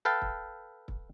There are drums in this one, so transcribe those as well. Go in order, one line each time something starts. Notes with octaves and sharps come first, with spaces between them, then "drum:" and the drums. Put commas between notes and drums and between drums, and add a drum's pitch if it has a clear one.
A4 B4 F5 G5 A5
drum: kick
drum: kick